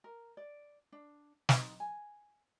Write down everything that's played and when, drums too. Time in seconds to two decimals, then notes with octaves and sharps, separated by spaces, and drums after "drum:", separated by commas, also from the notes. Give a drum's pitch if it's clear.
0.04 A#4
0.37 D5
0.92 D4
1.49 D#4, drum: snare
1.80 G#5